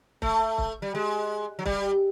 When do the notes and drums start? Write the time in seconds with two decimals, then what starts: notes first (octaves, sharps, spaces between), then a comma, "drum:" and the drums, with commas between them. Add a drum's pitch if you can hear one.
0.22 A3, drum: kick
0.58 drum: kick
0.82 G3
0.95 G#3
1.59 F#3
1.66 G3, drum: kick